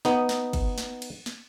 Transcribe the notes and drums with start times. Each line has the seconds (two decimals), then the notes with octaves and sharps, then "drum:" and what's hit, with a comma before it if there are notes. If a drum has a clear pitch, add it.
0.05 B3 D#4, drum: snare
0.29 drum: snare
0.53 drum: kick, cymbal
0.78 drum: snare
1.02 drum: cymbal
1.26 drum: snare